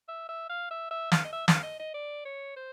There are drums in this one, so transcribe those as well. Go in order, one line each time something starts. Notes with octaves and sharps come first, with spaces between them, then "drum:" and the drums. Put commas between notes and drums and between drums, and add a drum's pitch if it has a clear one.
E5
E5
F5
E5
E5
F5, drum: snare
D#5
E5
F5, drum: snare
D#5
D#5
D5
C#5
C5